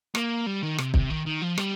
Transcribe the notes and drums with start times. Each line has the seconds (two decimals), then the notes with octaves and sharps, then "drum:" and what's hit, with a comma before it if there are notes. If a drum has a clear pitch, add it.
0.15 A#3, drum: rim click
0.46 G3
0.62 D#3
0.78 C3, drum: rim click
0.94 C3, drum: kick
1.10 D#3
1.26 D#3
1.41 F3
1.58 G3, drum: rim click